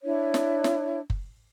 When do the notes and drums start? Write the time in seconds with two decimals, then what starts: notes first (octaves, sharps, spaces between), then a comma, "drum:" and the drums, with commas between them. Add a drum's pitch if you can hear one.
0.04 D4 E4 C#5
0.34 drum: snare
0.64 drum: snare
1.10 drum: kick F#1